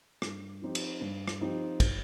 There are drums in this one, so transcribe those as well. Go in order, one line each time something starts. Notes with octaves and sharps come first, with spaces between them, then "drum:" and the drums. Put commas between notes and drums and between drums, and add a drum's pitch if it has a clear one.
G2, drum: rim click
F3 C4 D#4 G4
drum: cymbal
G2
drum: rim click
F3 C4 D#4 G4
drum: kick, cymbal